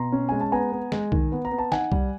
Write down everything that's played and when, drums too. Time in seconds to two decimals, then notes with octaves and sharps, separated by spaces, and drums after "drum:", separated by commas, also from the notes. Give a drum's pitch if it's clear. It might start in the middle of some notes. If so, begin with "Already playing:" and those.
Already playing: B2 A#5 C6
0.12 C#4
0.29 G#3 G#5
0.41 A5
0.52 B3 G#5 A#5
0.72 B3
0.92 G#3, drum: snare
1.12 D#3, drum: kick
1.32 B3
1.45 A#5
1.52 B3
1.58 A5
1.72 D#4 F#5 G#5, drum: snare
1.92 G3, drum: kick